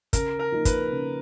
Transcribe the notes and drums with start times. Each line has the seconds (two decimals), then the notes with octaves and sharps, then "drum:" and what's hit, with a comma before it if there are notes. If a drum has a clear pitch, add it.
0.13 C#3 A#4, drum: kick, hi-hat
0.39 A#4
0.52 F3 A#3 D#4
0.65 B4, drum: kick, hi-hat
0.92 C#3